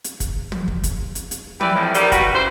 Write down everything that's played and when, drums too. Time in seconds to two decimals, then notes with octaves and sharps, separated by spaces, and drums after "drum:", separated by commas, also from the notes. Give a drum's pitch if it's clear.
0.04 drum: hi-hat
0.20 drum: kick, hi-hat
0.52 drum: tom
0.68 drum: kick
0.84 drum: kick, hi-hat
1.15 drum: hi-hat
1.31 drum: hi-hat
1.61 E3 G4 B4 D5, drum: tom
1.75 F2 A2
1.94 D#3 G3, drum: hi-hat
2.12 F#4 B4, drum: kick, hi-hat
2.34 C#3 E3 C5